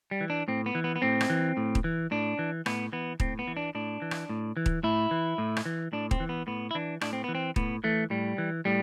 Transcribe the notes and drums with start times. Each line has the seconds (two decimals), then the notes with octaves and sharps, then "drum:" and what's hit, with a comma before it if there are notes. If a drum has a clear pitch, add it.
0.11 G3
0.21 E3
0.30 D4
0.48 A2 C4
0.66 B3
0.75 E3
0.84 B3
0.96 B3
1.02 A2 C4
1.21 drum: rim click
1.30 E3
1.57 A2
1.75 drum: kick D#1
1.84 E3
2.11 A2 D4
2.39 E3
2.66 A2 B3, drum: rim click
2.93 E3 B3
3.20 A2 C4, drum: kick D#1
3.39 B3
3.48 E3
3.57 D4
3.75 A2 D4
4.02 E3
4.11 drum: rim click
4.30 A2
4.57 E3
4.66 drum: kick D#1
4.83 A2 E4
5.11 E3
5.38 A2
5.57 drum: rim click
5.66 E3
5.93 A2 D4
6.11 C4, drum: kick D#1
6.20 E3
6.29 B3
6.47 A2 B3
6.71 E4
6.75 E3 D4
7.01 A2 D4, drum: rim click
7.13 C4
7.24 E3 B3
7.35 C4
7.56 A2 B3, drum: kick D#1
7.84 E3 A3
8.10 A2 G3
8.38 E3
8.65 A2 G3